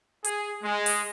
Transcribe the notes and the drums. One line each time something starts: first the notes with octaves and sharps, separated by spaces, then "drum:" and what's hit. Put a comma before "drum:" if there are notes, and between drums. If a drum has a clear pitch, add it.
G#4, drum: hi-hat
G#3
drum: open hi-hat